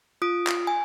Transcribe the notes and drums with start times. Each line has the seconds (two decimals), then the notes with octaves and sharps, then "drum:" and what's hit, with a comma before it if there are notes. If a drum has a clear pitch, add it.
0.22 F4 D#6 D7
0.47 drum: clap
0.67 G#5